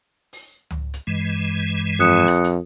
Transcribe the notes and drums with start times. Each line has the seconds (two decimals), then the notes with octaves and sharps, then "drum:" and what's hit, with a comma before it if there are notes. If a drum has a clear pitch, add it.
0.33 drum: open hi-hat
0.71 drum: tom C#2
0.94 drum: hi-hat
1.07 G2 E3 G#3
2.00 F2 D#6 F#6 C#7
2.28 drum: rim click
2.44 drum: hi-hat